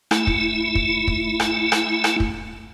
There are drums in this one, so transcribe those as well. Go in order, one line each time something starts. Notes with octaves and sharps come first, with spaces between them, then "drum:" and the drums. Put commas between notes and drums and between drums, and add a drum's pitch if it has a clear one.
A3 E4, drum: rim click
drum: kick
drum: kick
drum: kick
drum: rim click
drum: rim click
drum: rim click
drum: kick